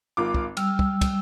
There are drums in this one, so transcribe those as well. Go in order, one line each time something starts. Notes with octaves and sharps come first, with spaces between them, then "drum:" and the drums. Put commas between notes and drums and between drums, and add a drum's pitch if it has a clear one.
G#1 F4 D6
drum: kick
G3 E6 F6, drum: cymbal
drum: kick
drum: kick, cymbal